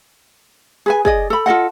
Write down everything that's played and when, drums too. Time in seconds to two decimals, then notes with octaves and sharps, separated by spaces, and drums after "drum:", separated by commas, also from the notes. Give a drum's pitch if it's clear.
0.86 G#4 B4 G#5
1.05 G#4 D5 D#5, drum: kick
1.30 A4 B5
1.46 F4 A4 D#5 F#5